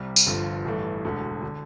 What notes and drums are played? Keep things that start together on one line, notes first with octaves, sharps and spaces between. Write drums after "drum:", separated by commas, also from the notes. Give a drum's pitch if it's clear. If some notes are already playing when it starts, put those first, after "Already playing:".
Already playing: C2 C3 G3
drum: tambourine
G1 G2 D3 F3
A1 G2 E3 A3
E1 D2 D3
D3